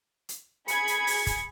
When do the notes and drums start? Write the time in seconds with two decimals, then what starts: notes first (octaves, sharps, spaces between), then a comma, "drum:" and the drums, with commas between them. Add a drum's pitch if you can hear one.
0.29 drum: hi-hat
0.68 G#4 B5 G#6 C#7, drum: hi-hat
0.87 drum: hi-hat
1.07 drum: open hi-hat
1.27 drum: kick, hi-hat